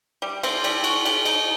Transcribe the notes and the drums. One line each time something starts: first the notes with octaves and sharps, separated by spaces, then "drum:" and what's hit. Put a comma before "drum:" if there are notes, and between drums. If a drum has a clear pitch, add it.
G3
C4, drum: cymbal
G3, drum: cymbal
F#4, drum: cymbal
G3, drum: cymbal
D#4, drum: cymbal